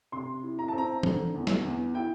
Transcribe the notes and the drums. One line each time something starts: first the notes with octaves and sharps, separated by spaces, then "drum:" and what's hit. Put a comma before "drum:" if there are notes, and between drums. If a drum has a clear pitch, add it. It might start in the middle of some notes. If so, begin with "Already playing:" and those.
C3 C6
E4
A#5
C4 A5
A#5
D3, drum: tom E3
E2
drum: snare
E2
E4 G5